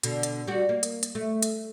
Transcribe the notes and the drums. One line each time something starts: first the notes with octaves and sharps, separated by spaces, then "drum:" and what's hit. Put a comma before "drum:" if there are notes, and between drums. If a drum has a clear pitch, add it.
B2 D3, drum: hi-hat
drum: hi-hat
G3 F#4
A#3
drum: hi-hat
drum: hi-hat
A3
drum: hi-hat